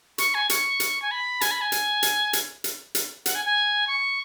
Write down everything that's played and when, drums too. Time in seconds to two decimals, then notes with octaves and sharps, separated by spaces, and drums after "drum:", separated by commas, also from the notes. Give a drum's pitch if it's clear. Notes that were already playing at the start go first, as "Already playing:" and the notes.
0.18 C#6, drum: hi-hat
0.34 G#5
0.50 C#6, drum: hi-hat
0.80 drum: hi-hat
1.02 G#5
1.11 B5
1.41 G#5, drum: hi-hat
1.51 B5
1.61 G#5
1.72 drum: hi-hat
2.03 drum: hi-hat
2.33 drum: hi-hat
2.64 drum: hi-hat
2.95 drum: hi-hat
3.26 F#5, drum: hi-hat
3.35 G#5
3.45 G#5
3.87 C#6